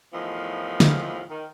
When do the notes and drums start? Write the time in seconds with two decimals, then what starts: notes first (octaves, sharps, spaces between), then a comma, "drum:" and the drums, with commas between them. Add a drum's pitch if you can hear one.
0.14 E2 A2 D#3 F3
0.80 drum: snare
1.30 D#3